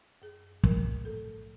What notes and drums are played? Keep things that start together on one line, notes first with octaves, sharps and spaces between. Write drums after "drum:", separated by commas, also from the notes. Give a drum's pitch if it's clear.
F#2 G#4
D3 F3 A3 A#4, drum: kick
A2 A4